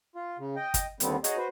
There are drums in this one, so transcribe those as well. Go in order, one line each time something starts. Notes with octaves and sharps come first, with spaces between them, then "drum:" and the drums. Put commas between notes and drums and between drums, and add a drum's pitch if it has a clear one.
F4
C#3
D#5 G5
drum: kick G1, hi-hat
D#2 D3 G3 B3 C4, drum: hi-hat
D#4 F#4 G#4 C#5 D#5, drum: hi-hat
F#4 B4 C5